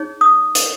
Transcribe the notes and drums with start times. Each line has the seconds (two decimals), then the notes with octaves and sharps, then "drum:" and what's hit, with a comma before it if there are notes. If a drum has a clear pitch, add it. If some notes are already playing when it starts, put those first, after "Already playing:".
Already playing: D#4 G#4 C#5
0.21 D#6
0.55 drum: hi-hat